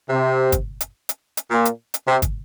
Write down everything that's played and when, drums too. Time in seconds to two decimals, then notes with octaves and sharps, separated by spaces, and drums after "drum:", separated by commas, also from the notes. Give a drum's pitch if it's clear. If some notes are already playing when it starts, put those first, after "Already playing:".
0.09 C3
0.52 drum: kick, hi-hat
0.81 drum: hi-hat
1.09 drum: hi-hat
1.37 drum: hi-hat
1.51 A#2
1.65 drum: hi-hat
1.94 drum: hi-hat
2.08 C3
2.22 drum: kick, hi-hat